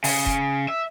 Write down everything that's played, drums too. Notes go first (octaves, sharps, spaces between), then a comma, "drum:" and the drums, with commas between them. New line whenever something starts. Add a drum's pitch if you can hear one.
C#3, drum: open hi-hat
drum: kick F1
E5